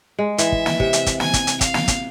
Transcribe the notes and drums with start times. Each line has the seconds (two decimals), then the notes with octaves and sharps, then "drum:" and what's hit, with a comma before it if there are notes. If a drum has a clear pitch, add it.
0.19 G#3
0.38 E3 E5, drum: hi-hat
0.52 drum: kick
0.66 drum: snare
0.80 C3, drum: kick
0.93 drum: hi-hat
1.06 drum: kick, hi-hat
1.20 G#5, drum: snare
1.33 drum: kick, hi-hat
1.47 drum: hi-hat
1.61 F5, drum: kick, hi-hat
1.74 drum: snare
1.88 drum: kick, hi-hat